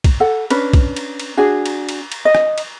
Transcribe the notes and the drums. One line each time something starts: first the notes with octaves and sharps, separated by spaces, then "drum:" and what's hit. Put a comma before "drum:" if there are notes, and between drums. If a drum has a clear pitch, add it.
drum: kick, cymbal
A4 F#5
C#4 D4 B4, drum: cymbal
drum: kick, cymbal
drum: cymbal
drum: cymbal
D4 F#4 G#4
drum: cymbal
drum: cymbal
drum: cymbal
D#5
drum: rim click
drum: cymbal